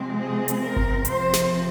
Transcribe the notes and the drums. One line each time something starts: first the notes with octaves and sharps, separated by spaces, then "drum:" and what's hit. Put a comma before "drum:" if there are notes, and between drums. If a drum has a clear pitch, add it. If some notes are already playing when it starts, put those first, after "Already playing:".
Already playing: C3 F3 G#3 C4
G#4
drum: hi-hat
A#4
drum: kick G1
C3 F3 C4 C5, drum: hi-hat
drum: snare